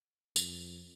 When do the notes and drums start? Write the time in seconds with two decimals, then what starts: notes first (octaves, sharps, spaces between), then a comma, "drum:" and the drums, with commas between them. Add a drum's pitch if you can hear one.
0.36 F2, drum: tambourine